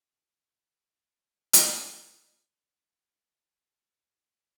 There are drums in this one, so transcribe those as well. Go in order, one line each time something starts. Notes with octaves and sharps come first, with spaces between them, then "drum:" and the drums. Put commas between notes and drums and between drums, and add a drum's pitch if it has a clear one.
B4 B5
drum: hi-hat
D5
D#4 F#4